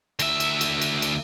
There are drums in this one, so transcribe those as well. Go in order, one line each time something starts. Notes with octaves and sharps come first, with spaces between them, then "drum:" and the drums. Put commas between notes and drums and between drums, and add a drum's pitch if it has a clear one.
D2 E5, drum: cymbal
drum: cymbal
drum: cymbal
drum: cymbal
drum: cymbal